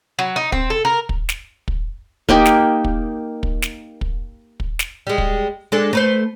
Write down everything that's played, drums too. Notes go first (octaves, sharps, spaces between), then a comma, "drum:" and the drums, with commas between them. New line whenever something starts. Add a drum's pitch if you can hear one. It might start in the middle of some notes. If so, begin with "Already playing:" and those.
F#3
D#4
C4, drum: kick
A4
A#4
drum: kick
drum: snare
drum: kick
A#3 D#4 G4, drum: kick
drum: snare
drum: kick
drum: kick
drum: snare
drum: kick
drum: kick
drum: snare
G3 G#3
drum: kick
G#3 D4 A4
A3 B4 C5